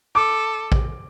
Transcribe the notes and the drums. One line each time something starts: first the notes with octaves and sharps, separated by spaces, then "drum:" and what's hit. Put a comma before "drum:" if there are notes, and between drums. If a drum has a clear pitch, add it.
A4 D6
drum: kick A1